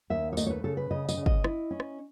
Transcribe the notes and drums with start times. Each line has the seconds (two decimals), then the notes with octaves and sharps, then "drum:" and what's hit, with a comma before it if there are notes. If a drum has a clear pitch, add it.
0.10 D#2 E5
0.32 C#5
0.37 A3 D#5, drum: tambourine
0.47 C#5
0.50 B4
0.64 C#3 A4
0.77 B4
0.90 C#3 D#5
1.09 D#5, drum: tambourine
1.17 C#3
1.26 D#5, drum: kick
1.44 E4, drum: rim click
1.71 C#4
1.80 drum: rim click